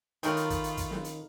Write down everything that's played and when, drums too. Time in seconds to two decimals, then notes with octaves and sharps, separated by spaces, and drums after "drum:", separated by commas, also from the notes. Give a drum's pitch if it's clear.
0.23 D#3 F#3 A3 D#4 F4 A#4 G5 B5, drum: hi-hat
0.37 drum: hi-hat
0.50 drum: kick, hi-hat
0.64 drum: hi-hat
0.77 drum: kick, hi-hat
0.91 drum: snare
1.04 drum: hi-hat